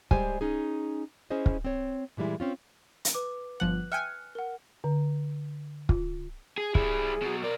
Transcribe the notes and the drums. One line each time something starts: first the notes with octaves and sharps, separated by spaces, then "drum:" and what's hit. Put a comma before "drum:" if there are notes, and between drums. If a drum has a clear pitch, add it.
G3 G#3 G4 C5 G#5, drum: kick
C#4 D#4 G#4
C#4 E4 G#4 C5 D#5
drum: kick
C4 C#5
A#2 E3 G3 G#3 E4
C4 C#4 F4
drum: hi-hat
B4 D6
G1 F3 F#5 F#6 F#7
E5 G5 G#5 F6 F#6 C#7
A#4 F#5
D3
F4, drum: kick
G#4 G#5
G3 E4 G#4, drum: kick
B2 F#3
B2 A#4 D5